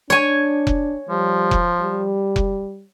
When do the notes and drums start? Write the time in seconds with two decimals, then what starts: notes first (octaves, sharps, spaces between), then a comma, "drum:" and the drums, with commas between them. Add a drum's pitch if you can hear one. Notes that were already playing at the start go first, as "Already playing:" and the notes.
0.10 D4 C#5 G#5
0.67 drum: kick F1
1.09 F3 G3
1.51 drum: kick F1
1.81 G3
2.36 drum: kick F1